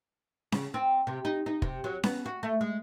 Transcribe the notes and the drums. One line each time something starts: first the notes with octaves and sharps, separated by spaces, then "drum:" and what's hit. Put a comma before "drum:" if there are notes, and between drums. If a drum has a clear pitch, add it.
C#3, drum: snare C#4
C4
C3
D#4
D#4
C3, drum: kick
F#3
B3, drum: snare C#4
F#4
A3
G#3